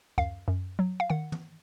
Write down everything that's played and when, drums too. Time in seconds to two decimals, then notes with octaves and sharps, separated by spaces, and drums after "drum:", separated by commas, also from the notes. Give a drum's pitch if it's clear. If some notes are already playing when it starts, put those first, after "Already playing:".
0.18 F#2 F5, drum: kick D2
0.48 F#2
0.79 F#3
1.00 F5
1.10 D#3 F#5
1.32 drum: tom